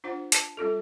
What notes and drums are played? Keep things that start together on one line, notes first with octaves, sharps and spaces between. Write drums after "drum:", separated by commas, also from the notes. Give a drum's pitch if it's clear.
D4 F4 C5 F#5
A5, drum: hi-hat
G3 C#4 F4 A4